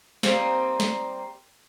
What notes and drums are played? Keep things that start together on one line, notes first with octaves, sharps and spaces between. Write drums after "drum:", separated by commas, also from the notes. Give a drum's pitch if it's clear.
G3 A#3 C4 D#4, drum: snare
drum: snare